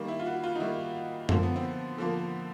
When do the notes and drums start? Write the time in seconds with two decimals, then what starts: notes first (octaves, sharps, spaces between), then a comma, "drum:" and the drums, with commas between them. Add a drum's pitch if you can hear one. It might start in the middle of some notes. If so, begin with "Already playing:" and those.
Already playing: D#3 G3 A#3
0.08 E4
0.19 F4
0.26 F#4
0.43 F4
0.55 D#4
0.60 D#3 G3 A#3 E4
1.29 D3 F3 A#3 C4, drum: tom F#2
1.43 B3
1.56 C4
1.98 D3 F3 A#3